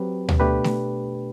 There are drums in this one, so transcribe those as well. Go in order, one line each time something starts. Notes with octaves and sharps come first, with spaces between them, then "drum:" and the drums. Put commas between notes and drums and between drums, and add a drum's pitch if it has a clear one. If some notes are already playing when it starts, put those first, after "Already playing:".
Already playing: F#3 C4 G4 B4
drum: tom D2
B2 A3 D4 G4 B4
drum: snare A3